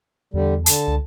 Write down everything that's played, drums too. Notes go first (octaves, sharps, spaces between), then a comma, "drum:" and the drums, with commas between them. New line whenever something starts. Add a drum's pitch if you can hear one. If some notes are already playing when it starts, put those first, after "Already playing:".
E2 D3 G3
D3 A5, drum: hi-hat
C#2